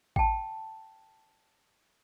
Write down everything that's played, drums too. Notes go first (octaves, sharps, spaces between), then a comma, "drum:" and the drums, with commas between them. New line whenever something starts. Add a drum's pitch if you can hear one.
G5 A5, drum: kick A1